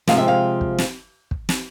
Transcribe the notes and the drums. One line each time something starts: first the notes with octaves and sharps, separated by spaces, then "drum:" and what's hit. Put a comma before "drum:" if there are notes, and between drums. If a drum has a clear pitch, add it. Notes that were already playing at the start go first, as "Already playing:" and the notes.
C3 F3 G#3 C4 F5, drum: snare
E5
F5
drum: kick
drum: snare
drum: kick
drum: snare